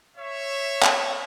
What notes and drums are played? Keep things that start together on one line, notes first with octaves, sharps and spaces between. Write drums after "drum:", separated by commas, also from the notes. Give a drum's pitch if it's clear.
C#5 E5
drum: clap